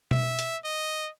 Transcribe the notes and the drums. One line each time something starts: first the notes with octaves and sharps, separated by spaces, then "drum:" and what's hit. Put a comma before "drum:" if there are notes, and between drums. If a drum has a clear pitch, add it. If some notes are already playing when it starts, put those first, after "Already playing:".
E5, drum: tom B2
drum: hi-hat
D#5